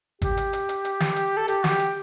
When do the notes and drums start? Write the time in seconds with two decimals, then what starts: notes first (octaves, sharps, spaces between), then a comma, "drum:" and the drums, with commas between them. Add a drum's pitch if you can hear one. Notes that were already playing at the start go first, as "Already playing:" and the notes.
0.22 G4, drum: kick, hi-hat
0.37 drum: hi-hat
0.53 drum: hi-hat
0.69 drum: hi-hat
0.85 drum: hi-hat
1.00 drum: snare
1.16 drum: hi-hat
1.37 A4
1.48 G4, drum: hi-hat
1.64 F#4, drum: snare
1.69 G4
1.79 drum: hi-hat